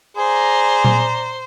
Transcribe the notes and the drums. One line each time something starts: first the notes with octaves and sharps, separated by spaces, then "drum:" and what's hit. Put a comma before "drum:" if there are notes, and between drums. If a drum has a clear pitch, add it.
G#4 C5 D5 A#5
drum: tom A#2